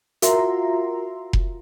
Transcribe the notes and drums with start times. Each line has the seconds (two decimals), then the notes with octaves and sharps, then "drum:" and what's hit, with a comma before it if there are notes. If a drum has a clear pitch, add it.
0.22 F4 F#4 A#4 E5 A#5 C6, drum: hi-hat
1.33 drum: kick F1